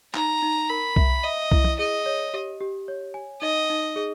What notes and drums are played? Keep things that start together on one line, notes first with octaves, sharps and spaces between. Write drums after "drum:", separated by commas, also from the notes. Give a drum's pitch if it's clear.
D#4 A#5, drum: clap
D#4
A#4 B5
E5, drum: kick C2
D#5 E5
E4, drum: kick C2
drum: tom
G#4 D#5
C#5
G4
G4
C#5
G#5
D#4 D#5
D#4
G#4